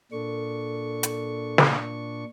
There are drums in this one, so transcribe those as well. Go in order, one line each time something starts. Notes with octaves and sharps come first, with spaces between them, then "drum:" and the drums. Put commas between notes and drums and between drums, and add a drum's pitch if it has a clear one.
A#2 D4 A4 C#6
drum: hi-hat
drum: snare